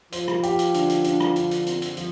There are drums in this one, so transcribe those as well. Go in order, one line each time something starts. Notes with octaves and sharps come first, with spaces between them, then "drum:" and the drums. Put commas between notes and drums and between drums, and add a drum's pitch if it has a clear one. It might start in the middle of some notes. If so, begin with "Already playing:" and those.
F3 C5, drum: hi-hat
drum: rim click
G4, drum: hi-hat
drum: hi-hat
D3, drum: hi-hat
drum: hi-hat
D4, drum: hi-hat
drum: rim click
D3, drum: hi-hat
drum: hi-hat
C4, drum: hi-hat
drum: hi-hat
F3, drum: hi-hat